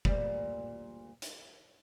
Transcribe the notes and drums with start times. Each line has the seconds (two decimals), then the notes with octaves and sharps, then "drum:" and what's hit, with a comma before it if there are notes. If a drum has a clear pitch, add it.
0.05 D2 A#2 G3, drum: kick F1
1.22 drum: hi-hat